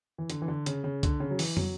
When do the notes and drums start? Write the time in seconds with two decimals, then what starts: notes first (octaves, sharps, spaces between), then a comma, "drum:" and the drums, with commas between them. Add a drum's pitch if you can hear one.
0.18 E3
0.30 D3, drum: hi-hat
0.42 E3
0.48 D3
0.66 C#3, drum: hi-hat
0.84 C#3
1.03 D3, drum: kick, hi-hat
1.20 C#3
1.31 F#3
1.39 E3, drum: open hi-hat
1.57 F#3, drum: tom